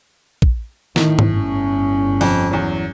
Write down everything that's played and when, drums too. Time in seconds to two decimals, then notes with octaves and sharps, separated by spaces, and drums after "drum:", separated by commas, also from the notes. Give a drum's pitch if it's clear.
0.42 drum: kick
0.96 A2 D#3, drum: snare
1.19 drum: tom G#2
1.29 G1 C#4
2.21 F2, drum: open hi-hat
2.51 E2 F#3